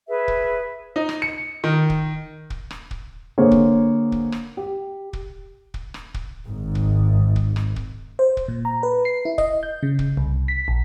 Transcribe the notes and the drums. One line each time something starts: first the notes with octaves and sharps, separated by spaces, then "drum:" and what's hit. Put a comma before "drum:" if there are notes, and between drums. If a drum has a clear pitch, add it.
G#4 B4 E5
drum: kick
D#4
drum: rim click
C#7
D#3
drum: kick
drum: kick
drum: rim click
drum: kick
D3 A#3 G#4 C5 C#5
drum: kick
drum: kick
drum: rim click
G4
drum: kick
drum: kick
drum: rim click
drum: kick
G#1 G#2
drum: kick
drum: kick
drum: rim click
drum: kick
C5
drum: kick
A#2
A#5
B4
C7
E4
D#5, drum: kick
G6
C#3
drum: kick
C2
B6
A#1